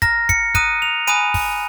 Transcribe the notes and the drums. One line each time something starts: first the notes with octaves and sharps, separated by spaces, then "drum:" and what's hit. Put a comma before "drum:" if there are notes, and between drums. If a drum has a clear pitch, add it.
A#5 F6 A#6, drum: kick, hi-hat
C#7, drum: kick, hi-hat
A#5 D#6 F#6 D#7, drum: kick, hi-hat
F7
G#5 B5 D#6 F#6 D#7, drum: hi-hat
drum: kick, open hi-hat